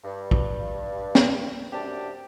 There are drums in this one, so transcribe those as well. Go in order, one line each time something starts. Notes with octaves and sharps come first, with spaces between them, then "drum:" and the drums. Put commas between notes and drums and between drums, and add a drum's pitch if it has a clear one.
G2
drum: kick
drum: snare
F#2 C3 G3 D4 G4 A5